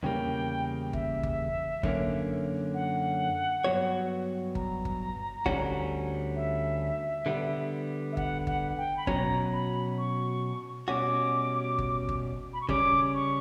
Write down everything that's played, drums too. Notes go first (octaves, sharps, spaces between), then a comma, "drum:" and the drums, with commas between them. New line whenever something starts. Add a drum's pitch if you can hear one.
E2 C#3 G3 A#3 G5
E5, drum: kick G1
drum: kick G1
F#2 D3 A#3 C#4, drum: kick G1
F#5
G2 F#3 B3 F#4 C#5
A#5, drum: kick G1
drum: kick G1
D2 D3 G3 C#4 F#4, drum: kick G1
E5
D3 G3 B3
E5
F#5, drum: kick G1
F#5, drum: kick G1
G5
B5
B2 F#3 C#4 A#5, drum: kick G1
B5
C#6
B2 G3 C#4 F#4 D6
drum: kick G1
drum: kick G1
B5
C#6
C#3 G3 C#4 D6, drum: kick G1
C#6